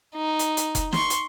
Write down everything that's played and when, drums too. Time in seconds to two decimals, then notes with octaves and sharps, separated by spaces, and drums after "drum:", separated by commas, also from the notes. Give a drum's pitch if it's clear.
0.15 D#4
0.39 drum: hi-hat
0.57 drum: hi-hat
0.75 drum: kick F1, hi-hat
0.93 C6 C#6, drum: snare
1.10 drum: hi-hat